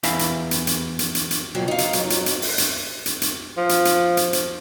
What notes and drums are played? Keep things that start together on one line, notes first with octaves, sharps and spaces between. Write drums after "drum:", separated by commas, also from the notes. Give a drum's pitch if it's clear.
E2 E4 F5 B5, drum: hi-hat
drum: hi-hat
drum: hi-hat
drum: hi-hat
drum: hi-hat
drum: hi-hat
drum: hi-hat
F2 B2 F3 F#3 A#3
D#4 F5
drum: hi-hat
F2 F#3, drum: hi-hat
drum: hi-hat
drum: hi-hat
drum: open hi-hat
drum: hi-hat
drum: hi-hat
drum: hi-hat
F3
drum: hi-hat
drum: hi-hat
drum: hi-hat
drum: hi-hat